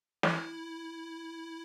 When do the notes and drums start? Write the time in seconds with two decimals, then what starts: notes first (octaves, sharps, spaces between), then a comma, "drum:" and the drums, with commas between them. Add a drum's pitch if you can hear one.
0.23 E4, drum: snare